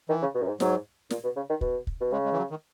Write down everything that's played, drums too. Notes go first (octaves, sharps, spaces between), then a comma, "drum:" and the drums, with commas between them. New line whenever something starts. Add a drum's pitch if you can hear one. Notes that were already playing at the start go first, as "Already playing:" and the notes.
D#3 E3
C#3
B2
F#2
G#2
G#2 F#3, drum: snare
A#2, drum: snare
B2
C#3
D#3
B2, drum: kick
drum: kick
B2
C#3 G#3
G#3
E3
F#3
D#3